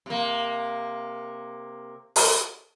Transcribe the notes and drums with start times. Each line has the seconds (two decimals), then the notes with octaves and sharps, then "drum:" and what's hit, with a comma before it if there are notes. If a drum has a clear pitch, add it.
0.06 C3 A#3
2.16 drum: open hi-hat